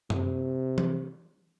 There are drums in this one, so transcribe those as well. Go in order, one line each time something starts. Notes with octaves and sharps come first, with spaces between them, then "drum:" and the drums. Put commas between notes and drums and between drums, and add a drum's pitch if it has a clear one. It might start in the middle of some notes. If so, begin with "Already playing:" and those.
C3, drum: tom F#2
drum: tom E3